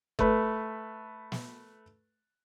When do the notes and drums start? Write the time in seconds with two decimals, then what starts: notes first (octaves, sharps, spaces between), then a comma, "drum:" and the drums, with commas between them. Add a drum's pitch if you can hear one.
0.19 A3 B4, drum: kick F#1
1.32 drum: snare